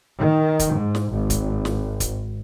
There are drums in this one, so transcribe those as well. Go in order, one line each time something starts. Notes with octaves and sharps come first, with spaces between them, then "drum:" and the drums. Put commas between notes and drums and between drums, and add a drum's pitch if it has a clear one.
D#3
drum: kick, hi-hat
G#2
drum: snare
G#1
drum: kick, hi-hat
drum: snare
drum: kick, hi-hat